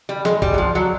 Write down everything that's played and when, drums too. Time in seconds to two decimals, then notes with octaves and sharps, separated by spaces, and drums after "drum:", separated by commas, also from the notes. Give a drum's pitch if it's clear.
0.09 G3
0.25 G#3, drum: snare
0.42 G3, drum: kick
0.54 F#3
0.58 F3
0.75 F#3